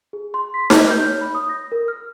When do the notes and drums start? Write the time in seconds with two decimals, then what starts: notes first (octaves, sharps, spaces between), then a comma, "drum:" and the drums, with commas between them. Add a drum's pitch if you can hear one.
0.13 G#4
0.34 C6
0.54 B6
0.70 F6, drum: snare D#4
0.91 G6
1.06 C#5
1.21 B5
1.35 D#6
1.49 A#6
1.72 A#4
1.88 F6